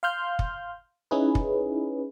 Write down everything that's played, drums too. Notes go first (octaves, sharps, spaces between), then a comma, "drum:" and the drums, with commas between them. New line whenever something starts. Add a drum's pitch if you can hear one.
F5 C6 F6 G6
drum: kick
C#4 D#4 E4 G#4 B4
drum: kick